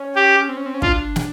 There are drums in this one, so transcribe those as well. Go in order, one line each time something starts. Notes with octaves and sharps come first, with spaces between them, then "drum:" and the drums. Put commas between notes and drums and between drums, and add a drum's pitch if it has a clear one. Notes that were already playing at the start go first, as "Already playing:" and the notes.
Already playing: C#4
G4
C4
C#4
C4
C#4
D4 F4, drum: kick
drum: snare